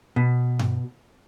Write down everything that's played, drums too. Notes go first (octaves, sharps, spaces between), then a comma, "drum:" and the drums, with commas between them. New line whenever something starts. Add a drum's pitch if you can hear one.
B2
drum: tom G2